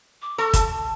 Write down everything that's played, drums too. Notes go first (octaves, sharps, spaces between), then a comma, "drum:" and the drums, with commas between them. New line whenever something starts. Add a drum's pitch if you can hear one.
D6
A4 C#6
A5, drum: kick, hi-hat